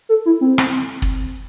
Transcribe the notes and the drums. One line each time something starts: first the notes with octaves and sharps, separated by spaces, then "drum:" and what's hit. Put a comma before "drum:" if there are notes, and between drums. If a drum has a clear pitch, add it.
A4
E4
C4
drum: rim click
drum: kick